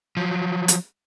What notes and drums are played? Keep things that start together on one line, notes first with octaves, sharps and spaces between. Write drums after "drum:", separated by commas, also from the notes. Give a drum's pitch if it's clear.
F3 F#3
drum: hi-hat